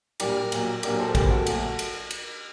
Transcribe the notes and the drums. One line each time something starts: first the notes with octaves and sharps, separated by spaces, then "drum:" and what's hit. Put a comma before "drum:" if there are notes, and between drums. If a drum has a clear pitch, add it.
A#2 G3 D4 G4 A#4, drum: cymbal
A#2 F#3 A#3, drum: cymbal
A#2 F#3 A#3 D4 G4 A#4, drum: cymbal
A4 C5
A#2 G3 C4 G4 A#4, drum: kick A1, cymbal
F#4 A4
A#2 F#3 A3, drum: cymbal
drum: cymbal
drum: cymbal